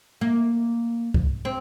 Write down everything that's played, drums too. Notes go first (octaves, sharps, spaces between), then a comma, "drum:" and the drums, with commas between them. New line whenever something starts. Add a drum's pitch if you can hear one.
A#3
drum: kick C2
C4